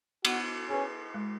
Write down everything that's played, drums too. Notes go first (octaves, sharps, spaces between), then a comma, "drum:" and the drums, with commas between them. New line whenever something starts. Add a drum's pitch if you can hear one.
B3 F#4, drum: cymbal
C#4 G#4 B4
G#3